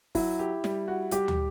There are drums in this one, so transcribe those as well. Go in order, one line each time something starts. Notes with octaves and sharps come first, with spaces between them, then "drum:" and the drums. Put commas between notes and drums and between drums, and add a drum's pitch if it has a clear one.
F#3 E4, drum: kick F#1, open hi-hat
G4
G3, drum: snare
F#4
G3 G4, drum: hi-hat
drum: tom